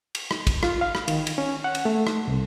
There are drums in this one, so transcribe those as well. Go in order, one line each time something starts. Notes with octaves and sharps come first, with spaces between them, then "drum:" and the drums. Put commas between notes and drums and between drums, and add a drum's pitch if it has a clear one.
drum: cymbal
drum: rim click
drum: kick, cymbal
F4, drum: rim click
F5
drum: rim click
D#3, drum: cymbal
drum: cymbal
C#4
F#5
drum: cymbal
A3
drum: rim click
C2